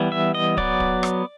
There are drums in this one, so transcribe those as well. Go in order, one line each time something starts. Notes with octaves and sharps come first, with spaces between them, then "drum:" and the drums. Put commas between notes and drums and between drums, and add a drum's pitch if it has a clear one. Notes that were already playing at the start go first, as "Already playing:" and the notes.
Already playing: E3 G3 B3
E5
D#5
F#3 B3 D5, drum: kick
drum: kick
drum: rim click